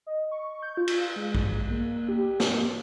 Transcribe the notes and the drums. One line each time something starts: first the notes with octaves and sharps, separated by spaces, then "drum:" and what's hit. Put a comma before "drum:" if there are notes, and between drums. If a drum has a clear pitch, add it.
D#5
C#6
G6
F4
drum: cymbal
F4
G#3
drum: kick
A#3
G4
A#3, drum: snare